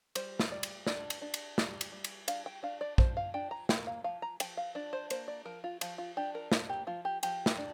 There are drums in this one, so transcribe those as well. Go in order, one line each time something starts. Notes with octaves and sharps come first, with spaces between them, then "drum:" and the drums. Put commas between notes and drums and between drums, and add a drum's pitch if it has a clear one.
G3 C5, drum: cymbal
drum: snare
G3 D5
drum: cymbal
D4 D5, drum: snare
drum: cymbal
D4
drum: cymbal
G3, drum: snare
drum: cymbal
G3
drum: cymbal
D4 F5, drum: cymbal
G5
D4 F5
D5
F3 C5, drum: kick
F5
D4 G5
A#5
A#3 G5, drum: snare
F5
F3 F5
A#5
F3 G5, drum: cymbal
F5
D4 D5
C5
A#3 C5, drum: cymbal
D5
F3 A#4
F4
F3 F4, drum: cymbal
F4
D4 G4
A#4
A#3 F4, drum: snare
G4
F3 F4
G4
F3 G4, drum: cymbal
drum: snare
D4